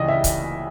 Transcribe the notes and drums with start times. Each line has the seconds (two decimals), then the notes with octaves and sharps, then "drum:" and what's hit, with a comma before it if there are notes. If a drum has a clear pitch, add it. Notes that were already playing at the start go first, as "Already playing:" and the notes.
Already playing: C#2 C#3 E3 D5 D#5
0.08 E5
0.24 drum: kick C#1, hi-hat